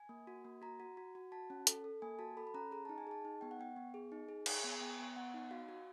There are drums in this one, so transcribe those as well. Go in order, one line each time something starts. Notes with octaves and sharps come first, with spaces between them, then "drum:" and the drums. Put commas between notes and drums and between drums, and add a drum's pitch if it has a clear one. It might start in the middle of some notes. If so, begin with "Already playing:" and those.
Already playing: G#5
A#3
F#4
A#3
F#4 A#5
F#4
F#4
F#4
F#4 A5
C#4
A4, drum: hi-hat
A4
A#3 G#5
F#4 A5
A4 B5
B5
C#4 A#5
G#4 A#5
D#4 A5
G#5
G#4 A5
D#4
B3 G5
F#5
B3 G5
B3
G#4
D#4
G#4
G#4, drum: cymbal
B3
G#5
B3 G5
B3
B3 F#5
D#4
F#4 F5
F#4